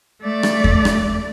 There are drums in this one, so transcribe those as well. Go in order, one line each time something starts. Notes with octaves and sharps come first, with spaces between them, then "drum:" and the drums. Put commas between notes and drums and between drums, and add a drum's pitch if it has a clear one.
A3 D5
drum: rim click
drum: kick E2
drum: rim click